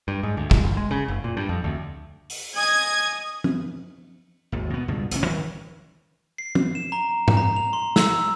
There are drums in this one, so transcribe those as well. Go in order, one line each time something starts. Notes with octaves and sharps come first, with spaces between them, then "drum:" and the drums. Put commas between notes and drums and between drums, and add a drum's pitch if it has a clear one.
G2
G#2
D2
G#2, drum: kick
G1
G#3
C#3
F#1
A#2
G2
F2
D2
drum: open hi-hat
D#5 G#5 D#6 G#6
drum: tom
G#1 D#2
B2 B3
C#2 G2 B2
A1 G2 C3 C#4, drum: hi-hat
D#3
C7
drum: tom
E7
A#5
drum: tom G#2
A#5
F7
C6
E6, drum: snare